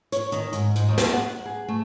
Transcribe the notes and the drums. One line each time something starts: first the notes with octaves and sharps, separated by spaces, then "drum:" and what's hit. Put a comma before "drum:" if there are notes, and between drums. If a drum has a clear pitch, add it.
C#5, drum: hi-hat
D#3, drum: hi-hat
G#2, drum: hi-hat
G#2, drum: hi-hat
D#2
drum: snare
F#5
G#4
A3